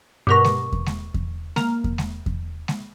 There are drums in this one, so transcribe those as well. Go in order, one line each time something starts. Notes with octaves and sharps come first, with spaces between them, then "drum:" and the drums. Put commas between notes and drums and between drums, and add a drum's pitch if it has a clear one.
G2 B2 A#4 C#6 D6
drum: snare G#3
drum: kick E2
drum: snare G#3
drum: kick E2
A#3, drum: snare G#3
drum: kick E2
drum: snare G#3
drum: kick E2
drum: snare G#3